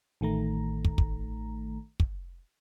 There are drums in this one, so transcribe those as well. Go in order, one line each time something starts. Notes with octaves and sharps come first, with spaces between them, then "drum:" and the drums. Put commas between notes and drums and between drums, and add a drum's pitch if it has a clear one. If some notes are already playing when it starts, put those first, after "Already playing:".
A1 D#3 A3 A#5
drum: kick
drum: kick
drum: kick